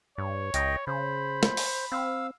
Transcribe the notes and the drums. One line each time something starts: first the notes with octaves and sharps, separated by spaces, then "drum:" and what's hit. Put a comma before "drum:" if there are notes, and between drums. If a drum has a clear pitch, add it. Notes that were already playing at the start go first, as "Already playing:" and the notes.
G2 C#5
C#2 D#5 G5, drum: hi-hat
C#3 C5 B5
drum: snare
drum: open hi-hat
C4 F5 E6